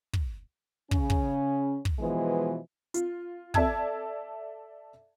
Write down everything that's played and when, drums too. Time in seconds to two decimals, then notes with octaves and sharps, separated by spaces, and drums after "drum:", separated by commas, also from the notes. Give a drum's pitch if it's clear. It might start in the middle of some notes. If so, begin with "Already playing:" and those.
0.13 drum: kick
0.91 C#3 C#4, drum: kick
1.10 drum: kick
1.85 drum: kick
1.99 B2 E3 F3 G#3 B3
2.94 F4, drum: hi-hat
3.54 A4 D5 E5 A5 E6 G#6, drum: kick